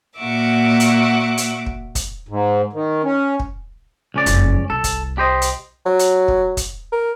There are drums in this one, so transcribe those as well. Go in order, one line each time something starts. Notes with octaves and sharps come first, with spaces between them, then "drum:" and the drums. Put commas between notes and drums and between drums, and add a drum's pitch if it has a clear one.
A#2 A#3 F#4 E5 F#5 D6
drum: hi-hat
drum: hi-hat
drum: kick
drum: kick, hi-hat
G#2
D#3
C#4
drum: kick
C#2 C#4 D5
F#1 F2, drum: hi-hat
C2 A4
drum: kick, hi-hat
G4 C5 D#5
drum: hi-hat
F#3
drum: hi-hat
drum: kick
drum: kick, hi-hat
A#4